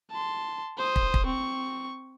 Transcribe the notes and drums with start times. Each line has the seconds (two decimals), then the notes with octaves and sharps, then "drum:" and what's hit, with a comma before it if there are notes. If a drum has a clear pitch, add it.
0.11 A5 C6
0.78 C5 D#6
0.96 drum: kick
1.14 drum: kick
1.26 C4 C#6